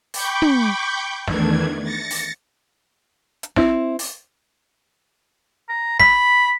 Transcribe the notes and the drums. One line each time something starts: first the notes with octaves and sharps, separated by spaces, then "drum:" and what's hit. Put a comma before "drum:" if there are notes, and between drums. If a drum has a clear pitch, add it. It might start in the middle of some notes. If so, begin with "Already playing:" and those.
G5 B5 C#6 D6 G6, drum: open hi-hat
drum: tom
E2 D#3 E3 A3 D4 G#6, drum: snare
A6 A#6 C#7
drum: open hi-hat
drum: hi-hat
C4 E4, drum: snare
drum: open hi-hat
A#5
B5 B6, drum: snare